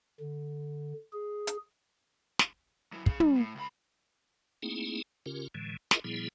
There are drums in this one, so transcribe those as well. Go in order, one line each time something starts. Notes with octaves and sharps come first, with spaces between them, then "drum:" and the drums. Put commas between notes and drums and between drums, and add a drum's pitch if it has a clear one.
D3
G#4
drum: hi-hat
drum: snare
F#3 E4
G#4 F5, drum: kick
G3, drum: tom
A2
C#2 B5
A3 A#3 C4 D#4 E4 G#4
C#3 C#4 F4 G4 A#4
A2 D3 E3 G#3
E4 F4 G#4 A#4 D#5, drum: snare
A#2 F3 G3 B3 E4 G#4